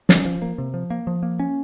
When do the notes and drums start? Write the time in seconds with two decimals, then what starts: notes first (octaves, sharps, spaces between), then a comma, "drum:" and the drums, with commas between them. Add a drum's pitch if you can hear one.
0.09 C#4, drum: snare
0.25 F3
0.42 A#3
0.58 C3
0.74 F3
0.90 A#3
1.07 F3
1.23 A#3
1.39 C#4